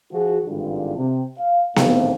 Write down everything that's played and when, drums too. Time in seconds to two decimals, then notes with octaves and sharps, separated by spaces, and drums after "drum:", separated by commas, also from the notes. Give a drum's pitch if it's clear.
0.11 F3 F#4 G#4
0.46 G#1 G2 D3 E3 G#3 F4
0.97 C3
1.37 F5
1.76 A#1 E2 A2 D#3 C4 F5, drum: snare B3